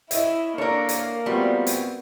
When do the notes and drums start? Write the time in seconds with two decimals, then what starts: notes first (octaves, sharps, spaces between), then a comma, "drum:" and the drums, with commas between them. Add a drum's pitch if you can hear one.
0.11 E4 C#5 D#5 E5, drum: hi-hat
0.58 A#3 D4 A4 A#4 C#5 D5
0.89 drum: hi-hat
1.26 G3 A3 B3 C4 F4 F#4
1.67 drum: hi-hat